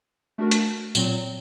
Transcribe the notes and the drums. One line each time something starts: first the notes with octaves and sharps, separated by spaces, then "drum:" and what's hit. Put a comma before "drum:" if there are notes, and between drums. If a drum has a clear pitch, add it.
A3 D4 F#4 A#4
drum: hi-hat
A#2 F#3 C4, drum: tambourine